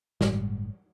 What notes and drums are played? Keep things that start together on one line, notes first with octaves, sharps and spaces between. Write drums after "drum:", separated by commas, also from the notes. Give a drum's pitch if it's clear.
G1 A2 G3 G#3, drum: snare